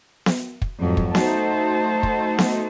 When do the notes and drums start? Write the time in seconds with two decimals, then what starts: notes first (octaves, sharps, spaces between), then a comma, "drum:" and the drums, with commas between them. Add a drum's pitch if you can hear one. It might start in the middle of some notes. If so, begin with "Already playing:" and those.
0.26 drum: snare B3
0.62 drum: kick
0.81 F2 G#2 F#3
0.97 drum: kick
1.15 A3 D#4 F#4 C5 A5, drum: snare B3
2.03 drum: kick
2.38 drum: snare B3